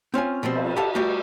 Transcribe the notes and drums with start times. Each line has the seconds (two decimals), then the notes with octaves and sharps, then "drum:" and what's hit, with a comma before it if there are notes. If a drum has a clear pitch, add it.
0.14 C4 C#4 F4 G#5
0.43 B2 F3 G3 C4
0.55 drum: cymbal
0.77 G4 A4 F5 F#5 A5
0.95 G3 A3 F#4